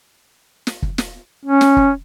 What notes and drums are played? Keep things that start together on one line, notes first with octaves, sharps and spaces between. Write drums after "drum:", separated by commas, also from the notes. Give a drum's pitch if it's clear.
drum: snare
drum: kick
drum: snare
C#4
drum: snare
drum: kick